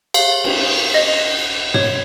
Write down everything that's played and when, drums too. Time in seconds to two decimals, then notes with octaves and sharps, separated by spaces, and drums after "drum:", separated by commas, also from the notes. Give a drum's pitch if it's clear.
0.14 F5, drum: cymbal
0.44 drum: cymbal
0.94 D#5
1.74 C#5, drum: tom